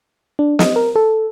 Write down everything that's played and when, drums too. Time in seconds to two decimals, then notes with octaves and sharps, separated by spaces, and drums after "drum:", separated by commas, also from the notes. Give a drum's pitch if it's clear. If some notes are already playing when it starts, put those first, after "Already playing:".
0.39 D4
0.59 D#5, drum: snare
0.76 A#4
0.96 A4